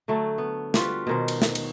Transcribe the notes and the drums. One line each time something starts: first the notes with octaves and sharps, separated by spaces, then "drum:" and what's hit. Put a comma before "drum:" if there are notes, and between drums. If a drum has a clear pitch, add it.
D3 F#3 A3
B3
G3 F4 F#4 B4, drum: snare
B2 D#3 C5
drum: cymbal
drum: snare
drum: cymbal